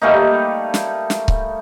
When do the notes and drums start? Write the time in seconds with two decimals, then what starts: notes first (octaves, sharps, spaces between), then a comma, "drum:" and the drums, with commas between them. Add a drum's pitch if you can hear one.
0.02 G3 A3 A#3 D#4
0.74 drum: snare
1.10 drum: snare
1.28 drum: kick C#1